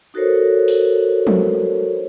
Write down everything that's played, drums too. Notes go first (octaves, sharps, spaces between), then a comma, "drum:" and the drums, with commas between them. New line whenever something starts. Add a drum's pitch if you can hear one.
D#4 F#4 A4 A#4 C5 C#5
drum: open hi-hat
drum: tom F3